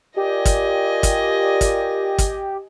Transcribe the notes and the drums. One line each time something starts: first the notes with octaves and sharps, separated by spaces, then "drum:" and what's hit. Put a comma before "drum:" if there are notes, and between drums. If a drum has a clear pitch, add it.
F4 G4 A#4 D5 D#5 G#5
drum: kick, hi-hat
drum: kick, hi-hat
drum: kick, hi-hat
drum: kick, hi-hat